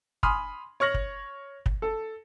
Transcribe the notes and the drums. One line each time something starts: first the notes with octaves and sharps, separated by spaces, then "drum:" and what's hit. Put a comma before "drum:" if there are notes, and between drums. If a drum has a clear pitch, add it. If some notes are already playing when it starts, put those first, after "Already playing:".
G#5 B5 C6 D#6 F6, drum: kick
C#5 C#6 F6 A#6 F#7
drum: kick
drum: kick
A4